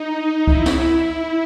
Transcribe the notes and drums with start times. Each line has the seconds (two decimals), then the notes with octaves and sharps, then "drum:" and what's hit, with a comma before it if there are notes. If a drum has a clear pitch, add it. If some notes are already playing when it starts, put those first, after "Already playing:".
Already playing: D#4
0.17 D#4
0.47 E4, drum: kick C#2
0.66 drum: snare